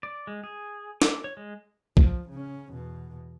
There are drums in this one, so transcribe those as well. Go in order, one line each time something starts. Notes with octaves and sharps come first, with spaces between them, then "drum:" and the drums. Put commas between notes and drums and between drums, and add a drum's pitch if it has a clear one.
D5
G#3
G#4
D6, drum: snare
C#5
G#3
F3, drum: kick
C#3 C#4
E2 B2